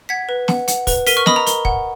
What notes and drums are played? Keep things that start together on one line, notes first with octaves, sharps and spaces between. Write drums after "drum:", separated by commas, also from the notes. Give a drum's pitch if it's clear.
F#5 G#6 B6
B4
F#5, drum: snare
F#5, drum: hi-hat
B4, drum: kick, open hi-hat
A#4 B6 D#7, drum: open hi-hat
C#6 F6
D#5 B5 D#6, drum: snare
A#5
A#4, drum: hi-hat
F#5, drum: kick